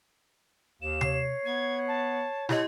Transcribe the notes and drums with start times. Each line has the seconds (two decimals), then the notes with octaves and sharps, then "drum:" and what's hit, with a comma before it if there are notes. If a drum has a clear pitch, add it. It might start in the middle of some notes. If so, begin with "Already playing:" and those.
0.82 D#2 F5 E7
1.01 C#5 C7, drum: tom C3
1.45 B3 G#6
1.88 A5
2.49 E4 G4 D#5 F#5, drum: snare